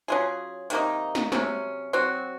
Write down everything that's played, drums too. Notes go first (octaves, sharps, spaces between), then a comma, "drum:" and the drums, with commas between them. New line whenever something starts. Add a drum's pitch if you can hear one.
F#3 C#4 F4 G#4
C3 D#3 A#3 D#4, drum: hi-hat
drum: snare
C3 F#3 C#4, drum: snare
F#3 C4 F#4